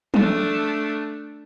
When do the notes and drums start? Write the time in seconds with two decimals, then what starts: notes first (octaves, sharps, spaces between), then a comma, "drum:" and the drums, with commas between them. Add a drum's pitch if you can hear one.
0.14 A3 D4, drum: tom